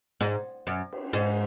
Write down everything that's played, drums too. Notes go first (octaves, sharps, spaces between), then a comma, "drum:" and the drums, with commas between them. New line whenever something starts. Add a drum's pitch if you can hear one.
G#2, drum: snare
F#2
drum: cymbal
G#2